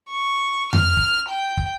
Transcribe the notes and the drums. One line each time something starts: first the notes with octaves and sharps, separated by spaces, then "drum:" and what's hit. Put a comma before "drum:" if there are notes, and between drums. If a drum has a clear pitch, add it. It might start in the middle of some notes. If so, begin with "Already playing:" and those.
C#6
F6, drum: tom F2
drum: kick
G5
drum: kick